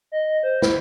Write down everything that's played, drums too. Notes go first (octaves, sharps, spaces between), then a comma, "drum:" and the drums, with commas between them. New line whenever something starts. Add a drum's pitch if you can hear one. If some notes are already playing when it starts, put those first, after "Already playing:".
D#5
C5
E4, drum: snare